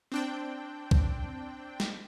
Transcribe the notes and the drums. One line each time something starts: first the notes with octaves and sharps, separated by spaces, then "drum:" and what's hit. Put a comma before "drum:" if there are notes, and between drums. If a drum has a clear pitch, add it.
C4 D4 G5
drum: kick B1
drum: snare